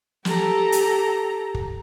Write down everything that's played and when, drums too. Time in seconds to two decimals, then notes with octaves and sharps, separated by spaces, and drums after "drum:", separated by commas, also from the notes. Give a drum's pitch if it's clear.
0.25 G4 A4 A#5, drum: snare
0.72 drum: hi-hat
1.54 drum: kick